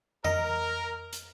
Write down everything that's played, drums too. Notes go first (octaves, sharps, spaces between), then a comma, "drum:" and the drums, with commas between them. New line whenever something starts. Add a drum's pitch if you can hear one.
A#4 D#5, drum: tom F2
drum: hi-hat